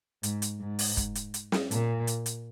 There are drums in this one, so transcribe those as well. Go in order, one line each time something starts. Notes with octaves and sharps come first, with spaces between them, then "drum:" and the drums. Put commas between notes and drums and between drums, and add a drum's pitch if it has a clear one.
G#2, drum: hi-hat
drum: hi-hat
G#2
drum: open hi-hat
drum: kick, hi-hat
drum: hi-hat
drum: hi-hat
drum: snare
A#2, drum: hi-hat
drum: hi-hat
drum: hi-hat